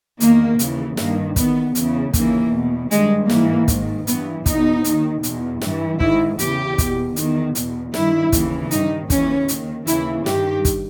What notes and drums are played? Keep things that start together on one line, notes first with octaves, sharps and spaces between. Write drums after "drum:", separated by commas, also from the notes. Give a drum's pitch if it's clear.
E2 D#3 A#3, drum: hi-hat
D#2 C#3 E3, drum: hi-hat
G2 D#3 A#3, drum: snare
E2 D#3 B3, drum: kick, hi-hat
E2 C#3 E3, drum: hi-hat
D#2 C#3 E3 A#3, drum: kick, hi-hat
E2 B2
G2 D#3 G#3, drum: hi-hat
G#2 E3 A#3, drum: snare
G#2 D#3, drum: kick, hi-hat
G2 E3 B3, drum: hi-hat
E2 B2 D#4, drum: kick, hi-hat
D#2 D#3, drum: hi-hat
E2 B2, drum: hi-hat
G2 E3, drum: snare
G#2 D#3 E4, drum: kick
E2 C#3 E3 G4, drum: hi-hat
E2 B2, drum: kick, hi-hat
E2 D#3, drum: hi-hat
E2 B2, drum: hi-hat
G2 D#3 E4, drum: snare
D#2 C#3 E3, drum: kick, hi-hat
G2 D#3 D#4, drum: hi-hat
D#2 C#3 E3 C#4, drum: kick, hi-hat
D#2 D#3, drum: hi-hat
D#2 C#3 E3 E4, drum: hi-hat
G2 D#3 G4, drum: snare
drum: kick, hi-hat